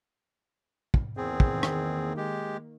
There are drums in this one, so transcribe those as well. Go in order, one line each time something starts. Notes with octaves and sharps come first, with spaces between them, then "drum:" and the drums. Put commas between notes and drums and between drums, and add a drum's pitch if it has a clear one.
drum: kick
E2 D#3 A#3 C4 G#4
drum: kick
drum: rim click
G#3 G4